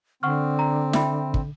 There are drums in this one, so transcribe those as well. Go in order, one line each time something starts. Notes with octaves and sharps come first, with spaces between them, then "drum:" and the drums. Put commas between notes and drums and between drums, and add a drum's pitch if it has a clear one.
D3 C4 F#5 C#6 F6
A#5
E5 G5 B5, drum: snare
drum: kick